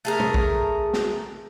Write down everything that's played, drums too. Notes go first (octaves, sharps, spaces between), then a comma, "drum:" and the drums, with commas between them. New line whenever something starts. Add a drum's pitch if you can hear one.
A3 G#4 A#4
drum: tom
drum: kick A#1
drum: snare